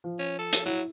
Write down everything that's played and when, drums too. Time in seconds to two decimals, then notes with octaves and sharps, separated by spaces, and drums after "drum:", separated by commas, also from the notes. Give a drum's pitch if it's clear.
0.04 F3
0.19 C#4
0.39 A4
0.53 drum: hi-hat
0.66 F#3 E4